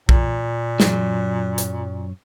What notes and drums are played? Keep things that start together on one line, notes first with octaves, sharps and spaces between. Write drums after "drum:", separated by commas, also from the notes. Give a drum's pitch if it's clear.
A#2, drum: kick B1
F#2 F#3, drum: snare
drum: hi-hat